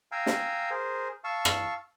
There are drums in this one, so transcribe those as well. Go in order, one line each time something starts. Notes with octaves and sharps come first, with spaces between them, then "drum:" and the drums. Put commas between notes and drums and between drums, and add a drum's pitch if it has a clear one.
F5 G5 G#5 A#5 E6
drum: snare
G#4 A#4 C5
F5 A5 C#6 E6
drum: rim click